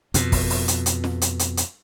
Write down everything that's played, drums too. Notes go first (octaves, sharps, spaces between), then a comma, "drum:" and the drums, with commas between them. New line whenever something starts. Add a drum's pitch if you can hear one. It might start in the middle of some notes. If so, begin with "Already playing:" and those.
F2 B2, drum: hi-hat
drum: kick, open hi-hat
drum: open hi-hat
drum: hi-hat
drum: hi-hat
drum: snare
drum: hi-hat
drum: hi-hat
drum: hi-hat